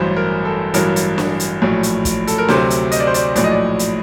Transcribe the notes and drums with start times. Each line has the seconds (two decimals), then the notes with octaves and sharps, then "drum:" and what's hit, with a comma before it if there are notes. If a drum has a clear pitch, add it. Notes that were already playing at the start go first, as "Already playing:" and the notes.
Already playing: A1 G2 F#3 C5
0.16 A#4
0.45 A4
0.74 A1 G2 F#3 A#4, drum: hi-hat
0.96 drum: hi-hat
1.18 drum: snare
1.40 drum: hi-hat
1.62 A#1 A2 F#3
1.83 drum: hi-hat
2.05 drum: kick, hi-hat
2.27 A4, drum: hi-hat
2.38 A#4
2.48 D2 C3 F#3 C5, drum: snare
2.70 drum: hi-hat
2.92 D#5, drum: hi-hat
3.00 D5
3.07 C5
3.14 D5, drum: hi-hat
3.36 A#1 A2 F#3 D5, drum: hi-hat
3.44 D#5
3.51 D5
3.79 drum: hi-hat